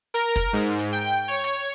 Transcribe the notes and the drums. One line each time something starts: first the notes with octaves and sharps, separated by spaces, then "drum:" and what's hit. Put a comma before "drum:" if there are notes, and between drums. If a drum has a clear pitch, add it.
A#4, drum: hi-hat
drum: kick, hi-hat
G#2
drum: hi-hat
G5
C#5
drum: hi-hat